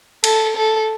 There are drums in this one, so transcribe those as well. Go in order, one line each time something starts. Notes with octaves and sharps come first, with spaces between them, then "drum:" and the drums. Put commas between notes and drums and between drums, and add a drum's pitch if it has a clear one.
A4, drum: cymbal
A4